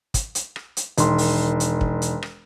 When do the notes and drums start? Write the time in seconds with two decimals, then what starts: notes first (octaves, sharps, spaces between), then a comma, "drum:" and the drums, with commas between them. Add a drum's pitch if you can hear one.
0.14 drum: kick, hi-hat
0.35 drum: hi-hat
0.56 drum: rim click
0.77 drum: hi-hat
0.97 E1 D#3 C6, drum: hi-hat
1.18 drum: open hi-hat
1.60 drum: hi-hat
1.81 drum: kick
2.02 drum: hi-hat
2.23 drum: rim click